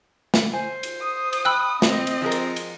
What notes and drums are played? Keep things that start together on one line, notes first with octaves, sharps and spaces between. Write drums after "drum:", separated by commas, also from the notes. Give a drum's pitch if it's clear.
drum: snare
C5 G#5
drum: cymbal
D#6
drum: cymbal
G5 B5 E6 F#6
C4 D#5, drum: snare
drum: cymbal
F3 G#3 A#4
drum: cymbal
drum: cymbal